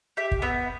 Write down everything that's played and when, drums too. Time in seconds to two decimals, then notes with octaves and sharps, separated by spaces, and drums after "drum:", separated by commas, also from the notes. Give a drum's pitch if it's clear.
0.17 G4 E5
0.31 drum: kick
0.42 B3 E5